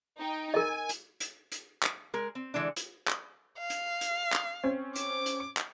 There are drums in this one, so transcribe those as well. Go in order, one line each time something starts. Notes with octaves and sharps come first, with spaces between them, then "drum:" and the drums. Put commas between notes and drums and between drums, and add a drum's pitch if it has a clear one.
D#4 G5
A#4 D#5 G#5
drum: hi-hat
drum: hi-hat
drum: hi-hat
drum: clap
G#3 A#4
C4
D3 E3 G#3 D4
drum: hi-hat
drum: clap
F5
drum: hi-hat
drum: hi-hat
drum: clap
C4 C#4
D6, drum: hi-hat
drum: hi-hat
drum: clap